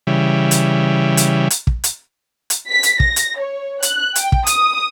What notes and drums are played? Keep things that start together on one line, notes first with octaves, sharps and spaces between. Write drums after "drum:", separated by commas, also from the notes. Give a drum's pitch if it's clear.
C#3 E3 G3
drum: hi-hat
drum: hi-hat
drum: hi-hat
drum: kick
drum: hi-hat
drum: hi-hat
B6
drum: hi-hat
A#6, drum: kick
drum: hi-hat
C#5
F#6, drum: hi-hat
G5, drum: hi-hat
drum: kick
D#6, drum: hi-hat